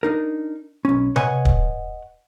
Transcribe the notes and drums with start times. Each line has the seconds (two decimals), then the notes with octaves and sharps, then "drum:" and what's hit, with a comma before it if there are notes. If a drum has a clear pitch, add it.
0.03 D4 D#4 A#4
0.85 B1 C#4
1.16 B4 C#5 D#5 F#5 G#5, drum: tom C3
1.45 drum: kick